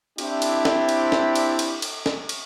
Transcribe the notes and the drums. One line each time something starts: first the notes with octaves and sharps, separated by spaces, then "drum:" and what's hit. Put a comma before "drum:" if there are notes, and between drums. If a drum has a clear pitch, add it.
C4 D4 E4 G4, drum: cymbal
drum: cymbal
drum: snare
drum: cymbal
drum: snare
drum: cymbal
drum: cymbal
drum: cymbal
drum: snare
drum: cymbal